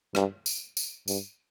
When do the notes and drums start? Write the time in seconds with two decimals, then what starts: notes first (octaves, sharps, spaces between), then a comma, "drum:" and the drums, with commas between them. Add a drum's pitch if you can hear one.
0.15 G2, drum: rim click
0.46 drum: tambourine
0.77 drum: tambourine
1.08 G2, drum: tambourine